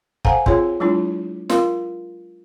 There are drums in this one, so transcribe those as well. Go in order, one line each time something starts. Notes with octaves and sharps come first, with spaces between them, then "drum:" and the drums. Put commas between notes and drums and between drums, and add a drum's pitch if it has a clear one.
A4 C5 F5 F#5 G#5 A#5, drum: kick
C4 F4 G#4 C#5, drum: kick
F#3 G#3 D4 E4 F4
F4 A#4 F5, drum: snare